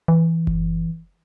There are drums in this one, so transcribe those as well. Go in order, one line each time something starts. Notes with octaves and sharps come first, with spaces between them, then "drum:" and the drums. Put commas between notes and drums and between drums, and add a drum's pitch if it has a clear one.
E3
drum: kick F#1